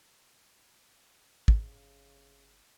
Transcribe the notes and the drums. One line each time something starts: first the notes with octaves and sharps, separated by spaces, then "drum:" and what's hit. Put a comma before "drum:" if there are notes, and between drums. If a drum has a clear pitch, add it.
G1 C#3, drum: kick